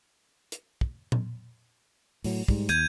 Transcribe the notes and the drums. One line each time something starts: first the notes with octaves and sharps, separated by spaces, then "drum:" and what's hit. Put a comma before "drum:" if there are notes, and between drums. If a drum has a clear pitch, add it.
drum: hi-hat
drum: kick
drum: tom A#2
A2 F#3, drum: open hi-hat
G#2 G3, drum: kick
D#2 G6 G#6 D#7, drum: hi-hat